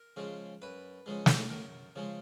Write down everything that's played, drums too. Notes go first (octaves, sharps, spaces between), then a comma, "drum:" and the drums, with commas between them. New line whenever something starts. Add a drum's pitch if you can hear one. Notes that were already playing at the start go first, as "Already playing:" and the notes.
Already playing: A#4
C#3 F3 G#3
F#2 B4
C#3 F3 G#3
drum: snare
F#2 A#4
C#3 F3 G#3